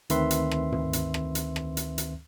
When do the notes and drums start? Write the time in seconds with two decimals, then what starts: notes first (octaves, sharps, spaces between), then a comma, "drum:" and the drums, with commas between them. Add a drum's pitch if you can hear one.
0.10 D2 D#3 C4 B4 E5 C6, drum: hi-hat
0.31 drum: hi-hat
0.51 drum: rim click
0.72 drum: tom
0.93 drum: hi-hat
1.14 drum: rim click
1.35 drum: hi-hat
1.56 drum: rim click
1.77 drum: hi-hat
1.98 drum: hi-hat